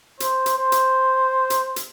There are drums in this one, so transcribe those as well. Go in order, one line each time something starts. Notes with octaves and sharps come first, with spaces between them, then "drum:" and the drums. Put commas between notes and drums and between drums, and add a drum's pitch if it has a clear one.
C5, drum: hi-hat
drum: hi-hat
C5
drum: hi-hat
drum: hi-hat
drum: hi-hat